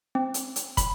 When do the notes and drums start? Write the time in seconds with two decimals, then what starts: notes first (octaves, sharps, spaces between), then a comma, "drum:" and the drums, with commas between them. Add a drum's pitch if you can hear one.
0.15 C4
0.34 drum: hi-hat
0.56 drum: hi-hat
0.77 B5, drum: kick, hi-hat